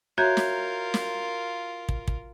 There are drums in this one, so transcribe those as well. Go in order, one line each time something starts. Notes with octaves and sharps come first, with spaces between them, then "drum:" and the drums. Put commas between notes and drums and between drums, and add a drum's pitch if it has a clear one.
F4 F#4 A#4 C#5 E5 A#5 G6 G#6
drum: snare
drum: snare
drum: kick
drum: kick